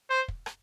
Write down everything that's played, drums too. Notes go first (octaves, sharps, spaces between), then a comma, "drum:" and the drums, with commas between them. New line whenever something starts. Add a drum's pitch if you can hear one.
C5
drum: kick
drum: rim click